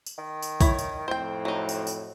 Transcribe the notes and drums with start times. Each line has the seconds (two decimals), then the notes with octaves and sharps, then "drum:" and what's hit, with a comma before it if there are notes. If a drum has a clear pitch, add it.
0.06 drum: tambourine
0.18 D#3
0.43 drum: tambourine
0.61 E4 C#5, drum: kick, tambourine
0.79 drum: tambourine
1.08 F2 A2 C4 C5 G5
1.45 F#3 D#4
1.69 drum: tambourine
1.87 drum: tambourine